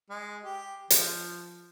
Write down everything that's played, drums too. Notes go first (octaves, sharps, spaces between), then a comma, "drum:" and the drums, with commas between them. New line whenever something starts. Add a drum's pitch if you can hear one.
G#3
G4
F3, drum: hi-hat